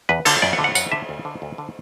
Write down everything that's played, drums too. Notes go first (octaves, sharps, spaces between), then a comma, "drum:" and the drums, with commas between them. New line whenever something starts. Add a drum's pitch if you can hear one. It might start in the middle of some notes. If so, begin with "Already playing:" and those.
E2 B4
D3 A4, drum: cymbal
F#2 D5
F#5
D3
F#5
F#2 F#5, drum: tambourine
D3 E5
D2
D3
D2
D3